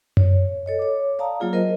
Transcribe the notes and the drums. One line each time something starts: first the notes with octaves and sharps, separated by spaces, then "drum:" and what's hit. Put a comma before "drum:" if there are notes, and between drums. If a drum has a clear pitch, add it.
C#5, drum: tom F#2
A4 C#5 D#5
C#5 D6
D5 F5 A5 A#5 D#6
F#3 A#3 F4 G#4
A#4 C5 D#5